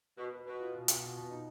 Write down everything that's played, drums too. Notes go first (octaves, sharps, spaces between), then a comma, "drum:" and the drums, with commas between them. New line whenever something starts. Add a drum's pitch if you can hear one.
B2 B4
B4
B2 B4
F4
B2
F4, drum: hi-hat
B2
B2
D#4